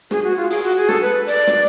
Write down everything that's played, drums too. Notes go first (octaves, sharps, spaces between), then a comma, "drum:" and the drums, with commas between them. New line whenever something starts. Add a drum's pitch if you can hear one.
G#4, drum: snare
F#4
F4
G#4, drum: open hi-hat
F#4
G#4
A4, drum: snare
B4
D5, drum: open hi-hat
drum: snare